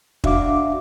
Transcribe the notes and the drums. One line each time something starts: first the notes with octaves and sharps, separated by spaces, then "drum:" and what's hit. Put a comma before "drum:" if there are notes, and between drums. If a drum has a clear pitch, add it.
D4 F#4 E5 F5 D6, drum: kick